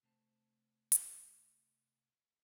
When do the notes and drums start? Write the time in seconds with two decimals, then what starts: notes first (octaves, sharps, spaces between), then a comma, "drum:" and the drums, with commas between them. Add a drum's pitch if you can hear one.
0.03 C3 A3 C5 A5
0.92 drum: hi-hat